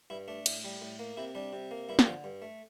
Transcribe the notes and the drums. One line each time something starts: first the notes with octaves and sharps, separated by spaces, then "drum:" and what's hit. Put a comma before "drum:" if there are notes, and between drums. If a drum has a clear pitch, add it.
G2 E4
A3 D4
A2, drum: cymbal
G3
A2
A#3
C3 E4
G3 D4
C3
A#3
G2 E4
G4, drum: snare
D3 F3 F4
G2
A3